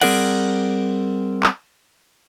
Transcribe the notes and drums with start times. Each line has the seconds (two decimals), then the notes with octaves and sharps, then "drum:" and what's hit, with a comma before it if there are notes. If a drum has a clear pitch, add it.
0.02 G3 C4 G#4 A#4 D5 F#5, drum: cymbal
1.43 drum: clap